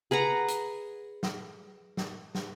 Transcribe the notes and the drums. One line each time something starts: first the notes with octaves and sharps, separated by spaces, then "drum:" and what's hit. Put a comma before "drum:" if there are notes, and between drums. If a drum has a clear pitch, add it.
G#4 B4 F#5 A#5
drum: hi-hat
drum: snare
drum: snare
drum: snare